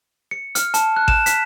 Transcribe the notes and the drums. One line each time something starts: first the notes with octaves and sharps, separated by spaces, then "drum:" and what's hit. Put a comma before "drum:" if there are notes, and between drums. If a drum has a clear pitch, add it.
C#7
F6, drum: hi-hat
A5, drum: hi-hat
F#6
E7, drum: kick G#1
B6, drum: hi-hat